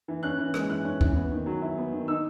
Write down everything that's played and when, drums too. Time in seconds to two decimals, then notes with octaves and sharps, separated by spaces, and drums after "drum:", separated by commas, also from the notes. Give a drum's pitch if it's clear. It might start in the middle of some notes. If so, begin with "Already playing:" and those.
0.08 E3
0.23 C#4 F#6
0.38 E3
0.54 G#3, drum: rim click
0.69 E3 F#6
0.85 C#4
1.01 E3, drum: kick
1.15 B3
1.31 D#3
1.46 F#3
1.61 E4
1.77 B3
1.92 D#3
2.08 D#4 E6